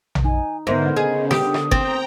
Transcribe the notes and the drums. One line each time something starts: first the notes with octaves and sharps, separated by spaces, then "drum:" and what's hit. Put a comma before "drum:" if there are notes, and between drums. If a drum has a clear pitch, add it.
drum: tom A#1
D#4 G#5
G#2 D3 B3 A#4 C5 E5
C#3 G#4 D#5
D3 G4 D#6, drum: snare
drum: rim click
C4 G5 A#5, drum: kick G1